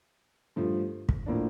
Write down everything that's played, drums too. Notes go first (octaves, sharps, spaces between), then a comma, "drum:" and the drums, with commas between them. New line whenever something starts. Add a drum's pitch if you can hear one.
G2 F3 A3
drum: kick
A2 F3 A#3 D4